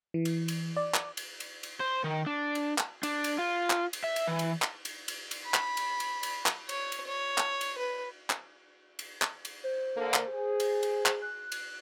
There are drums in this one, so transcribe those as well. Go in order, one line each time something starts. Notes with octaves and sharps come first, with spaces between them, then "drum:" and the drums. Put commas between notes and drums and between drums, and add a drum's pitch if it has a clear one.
E3
drum: cymbal
drum: cymbal
D5
drum: clap
drum: cymbal
drum: cymbal
drum: cymbal
C5
D#3
D4
drum: cymbal
drum: clap
D4, drum: cymbal
drum: cymbal
F4
drum: clap
drum: cymbal
E5
drum: cymbal
E3
drum: cymbal
drum: clap
drum: cymbal
drum: cymbal
drum: cymbal
B5
drum: clap
drum: cymbal
drum: cymbal
drum: cymbal
drum: clap
C#5, drum: cymbal
drum: cymbal
C#5
drum: clap
drum: cymbal
B4
drum: clap
drum: cymbal
drum: clap
drum: cymbal
C5
D3 A#3
drum: clap
G#4
drum: cymbal
drum: cymbal
drum: clap
F#6
drum: cymbal